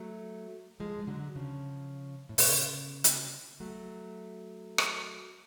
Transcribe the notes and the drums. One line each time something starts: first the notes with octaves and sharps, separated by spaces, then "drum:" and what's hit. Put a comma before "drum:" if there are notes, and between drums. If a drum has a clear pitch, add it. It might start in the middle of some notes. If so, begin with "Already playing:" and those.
Already playing: F#3 A3
F3 G#3
F3
D3 F#3
C#3 F3
A2
B2, drum: open hi-hat
C#3
drum: hi-hat
F#3 A3
drum: rim click